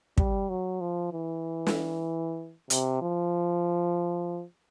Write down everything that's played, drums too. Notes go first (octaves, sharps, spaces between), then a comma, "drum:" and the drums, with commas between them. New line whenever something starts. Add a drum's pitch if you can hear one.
G3, drum: kick
F#3
F3
E3
drum: snare
C3, drum: hi-hat
F3